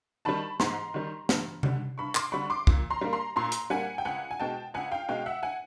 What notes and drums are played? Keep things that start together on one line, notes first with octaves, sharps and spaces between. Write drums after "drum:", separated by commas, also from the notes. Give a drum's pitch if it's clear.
D#3 G3 A5 B5
G#2 A#5 C6, drum: snare
D#3 G3
G2, drum: snare
D3 G3, drum: tom C3
G2 B5 C#6
C6 D6, drum: clap
D3 G3 B5 C#6
C6 D6
A#2, drum: kick
A#5 C6
G3 A#3
A#5 C6
A#2 A#5 C6
drum: hi-hat
G3 A#3 F#5 G#5
G5
C#2 F#5 G#5
G#5
B2 G#3 G5 A5
C#2 F#5 G#5
F5 G5
B2 G#3 F5 G5
E5 F#5
F#5 G#5